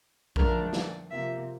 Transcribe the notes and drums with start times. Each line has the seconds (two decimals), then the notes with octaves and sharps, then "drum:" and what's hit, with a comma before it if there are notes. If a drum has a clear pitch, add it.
0.36 D3 F3 A3 D4 A#4, drum: kick A#1
0.73 D5, drum: snare
1.10 C3 F3 A#3 E5